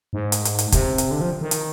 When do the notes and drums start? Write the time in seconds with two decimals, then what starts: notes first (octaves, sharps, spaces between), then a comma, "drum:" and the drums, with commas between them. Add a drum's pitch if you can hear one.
0.13 G#2
0.32 drum: hi-hat
0.45 drum: hi-hat
0.59 drum: hi-hat
0.72 C3, drum: kick, hi-hat
0.98 drum: hi-hat
1.11 D3
1.21 F3
1.41 D#3
1.51 drum: hi-hat